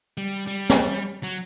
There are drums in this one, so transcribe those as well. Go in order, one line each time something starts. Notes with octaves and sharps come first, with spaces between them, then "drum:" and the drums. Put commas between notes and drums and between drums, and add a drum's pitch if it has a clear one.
G3
G3
drum: snare
F#3